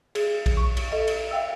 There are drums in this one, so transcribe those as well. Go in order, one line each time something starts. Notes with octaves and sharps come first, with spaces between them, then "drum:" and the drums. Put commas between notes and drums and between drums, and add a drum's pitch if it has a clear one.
G#4, drum: cymbal
drum: kick A#1, cymbal
C#6
drum: cymbal
A4 D#5
drum: cymbal
E5 F5 G5 E6